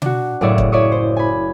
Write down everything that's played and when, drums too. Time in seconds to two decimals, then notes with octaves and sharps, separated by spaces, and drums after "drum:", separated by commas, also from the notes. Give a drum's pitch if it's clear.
0.02 D4 F#4, drum: tom B2
0.41 F#1 A2 G#4 D5 E5 C#6
0.58 drum: kick
0.72 E4 C#5 D5 E5 C#6 D#6
0.92 C5
1.17 G#5 B5